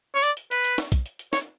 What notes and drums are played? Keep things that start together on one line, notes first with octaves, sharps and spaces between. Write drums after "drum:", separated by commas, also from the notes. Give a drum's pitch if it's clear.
C#5
D5, drum: hi-hat
drum: hi-hat
B4, drum: hi-hat
drum: hi-hat
drum: snare
drum: kick, hi-hat
drum: hi-hat
drum: hi-hat
C#5, drum: snare